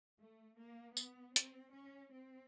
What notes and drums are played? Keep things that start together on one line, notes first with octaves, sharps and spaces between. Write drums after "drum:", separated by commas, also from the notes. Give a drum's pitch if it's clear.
A3
A#3
B3, drum: tambourine
C4, drum: hi-hat
C#4
C4